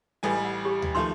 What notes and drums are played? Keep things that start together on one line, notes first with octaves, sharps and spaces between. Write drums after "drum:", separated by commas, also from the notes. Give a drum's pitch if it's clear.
A1 G3 D#4 A4 G#5
F#5
G4
drum: tom D2
D#3 F3 A3 C6